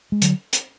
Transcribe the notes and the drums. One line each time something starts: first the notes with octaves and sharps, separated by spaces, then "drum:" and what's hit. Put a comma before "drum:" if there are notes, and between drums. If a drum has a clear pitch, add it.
G#3
D3 F#3, drum: hi-hat
drum: hi-hat